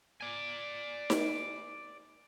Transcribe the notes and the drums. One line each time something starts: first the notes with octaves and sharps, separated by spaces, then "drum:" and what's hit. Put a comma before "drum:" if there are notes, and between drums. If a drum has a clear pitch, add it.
D5 G#5
drum: snare D#4